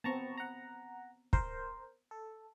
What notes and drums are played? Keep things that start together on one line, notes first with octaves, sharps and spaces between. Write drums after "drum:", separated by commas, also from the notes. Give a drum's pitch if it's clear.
B3 C4 A5 A#5 C#6
F#5 A#5
A#4 C5, drum: kick
A4